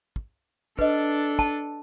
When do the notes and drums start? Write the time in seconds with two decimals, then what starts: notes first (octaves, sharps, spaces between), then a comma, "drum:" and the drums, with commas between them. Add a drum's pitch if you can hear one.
0.16 drum: kick
0.79 D4 A4 B4 D#5, drum: kick
1.39 A5, drum: kick